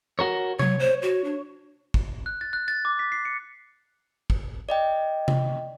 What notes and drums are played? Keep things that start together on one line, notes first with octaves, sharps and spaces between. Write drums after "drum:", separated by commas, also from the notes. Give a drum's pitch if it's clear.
F#4 A#4 C#5
F#3 C#5, drum: tom C3
C5
F#4
D4
drum: kick
F#6
A6
F#6
A6
D6
B6
C7
C#7
drum: kick
D5 D#5 G5
drum: tom C3